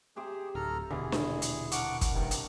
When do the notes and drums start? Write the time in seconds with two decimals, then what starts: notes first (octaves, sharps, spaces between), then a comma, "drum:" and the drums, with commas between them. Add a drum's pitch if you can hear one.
0.16 C3 G4 G#4 C5
0.55 D1 A4 A#5 F6
0.91 D#1 B2 D3 E3 G#4
1.12 drum: snare D4
1.42 drum: hi-hat
1.72 D4 A#4 F#5 C#6 D6, drum: hi-hat
2.01 drum: kick, hi-hat
2.13 G2 C3 D#3
2.31 drum: hi-hat